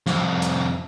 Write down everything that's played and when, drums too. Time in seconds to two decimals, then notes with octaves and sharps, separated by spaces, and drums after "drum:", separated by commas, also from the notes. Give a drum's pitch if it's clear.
0.06 C2 F2, drum: snare
0.42 drum: hi-hat